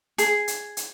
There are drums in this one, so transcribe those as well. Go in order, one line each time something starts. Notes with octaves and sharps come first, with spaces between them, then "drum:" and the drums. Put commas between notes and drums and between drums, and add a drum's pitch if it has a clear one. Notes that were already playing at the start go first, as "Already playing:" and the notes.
G#4, drum: hi-hat
drum: hi-hat
drum: hi-hat